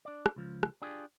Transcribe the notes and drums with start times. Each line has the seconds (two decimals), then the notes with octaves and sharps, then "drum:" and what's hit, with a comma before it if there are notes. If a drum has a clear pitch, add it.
0.05 D4 D5
0.26 drum: rim click
0.36 C#2 F3
0.63 drum: rim click
0.82 D4 F4 G4 G#4